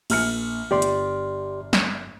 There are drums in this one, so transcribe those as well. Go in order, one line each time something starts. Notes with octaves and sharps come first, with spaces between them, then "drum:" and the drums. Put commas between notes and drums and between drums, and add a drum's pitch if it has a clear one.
A#1 F6 C#7, drum: cymbal
G1 G4 D5 C6
drum: hi-hat
drum: snare